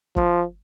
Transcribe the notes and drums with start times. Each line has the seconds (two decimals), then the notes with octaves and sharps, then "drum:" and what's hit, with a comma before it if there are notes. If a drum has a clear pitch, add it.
0.16 F3, drum: kick